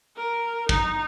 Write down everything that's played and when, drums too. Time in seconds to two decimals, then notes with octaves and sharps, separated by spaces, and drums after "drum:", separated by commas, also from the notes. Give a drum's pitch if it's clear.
0.17 A#4
0.69 D#4, drum: kick